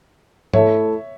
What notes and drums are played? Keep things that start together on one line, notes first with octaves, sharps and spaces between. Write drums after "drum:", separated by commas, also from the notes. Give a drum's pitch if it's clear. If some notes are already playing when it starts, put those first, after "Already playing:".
A3 E4 A4 C#5 E5, drum: tom G#2